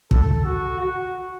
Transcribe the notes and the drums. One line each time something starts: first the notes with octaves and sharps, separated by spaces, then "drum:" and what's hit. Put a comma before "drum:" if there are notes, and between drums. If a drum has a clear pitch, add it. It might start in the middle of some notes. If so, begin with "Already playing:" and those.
A4, drum: kick
F#4
F#4